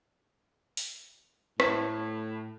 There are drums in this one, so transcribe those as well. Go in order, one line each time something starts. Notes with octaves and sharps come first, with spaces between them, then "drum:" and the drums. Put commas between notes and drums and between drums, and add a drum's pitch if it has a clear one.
drum: open hi-hat
A2, drum: rim click